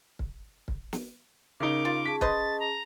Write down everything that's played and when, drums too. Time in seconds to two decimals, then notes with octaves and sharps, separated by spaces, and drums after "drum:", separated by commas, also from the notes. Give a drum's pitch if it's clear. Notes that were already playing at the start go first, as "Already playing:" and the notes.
0.19 drum: kick
0.68 drum: kick
0.93 drum: snare
1.60 C#3 D#4 A#4 D6
1.85 F4
2.05 C#4 G#4 A5 B6
2.21 B4 C5 D#5 A6, drum: kick
2.60 A#5